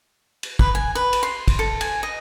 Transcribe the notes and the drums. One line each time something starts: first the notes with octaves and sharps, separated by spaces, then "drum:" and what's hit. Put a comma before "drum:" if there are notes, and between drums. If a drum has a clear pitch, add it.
drum: cymbal
B4, drum: kick
G#5
B4
drum: cymbal
C6
drum: kick, cymbal
A4
G#5, drum: cymbal
D#5